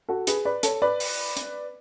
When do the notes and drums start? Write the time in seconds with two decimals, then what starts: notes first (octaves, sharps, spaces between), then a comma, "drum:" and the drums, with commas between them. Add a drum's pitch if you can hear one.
0.09 F#4 A4
0.27 G#4 B4, drum: hi-hat
0.45 B4 D5
0.63 A4 C#5, drum: hi-hat
0.82 B4 D5
1.00 drum: open hi-hat
1.37 drum: hi-hat